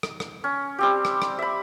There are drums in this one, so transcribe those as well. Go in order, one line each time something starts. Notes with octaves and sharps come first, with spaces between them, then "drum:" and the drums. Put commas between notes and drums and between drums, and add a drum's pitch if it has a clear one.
drum: rim click
drum: rim click
C#4
G3 C4 G4
drum: rim click
drum: rim click
E5 B5